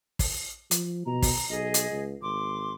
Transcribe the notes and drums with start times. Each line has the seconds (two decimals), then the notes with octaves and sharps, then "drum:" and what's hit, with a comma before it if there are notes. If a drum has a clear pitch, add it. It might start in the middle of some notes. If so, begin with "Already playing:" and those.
0.19 drum: kick, open hi-hat
0.71 F3, drum: hi-hat
1.06 B2 A#5
1.22 drum: kick, open hi-hat
1.49 B1 G#4 D#5
1.74 drum: hi-hat
1.91 C#2
2.22 G#1 C6 D6